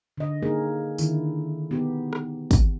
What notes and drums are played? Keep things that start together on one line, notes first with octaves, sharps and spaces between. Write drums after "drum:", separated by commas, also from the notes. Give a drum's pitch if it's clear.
D3 D#5
A#3 D#4 G#4 A#4
D3 D#3 E4, drum: tambourine
B3 D#4 G4
drum: rim click
drum: kick, tambourine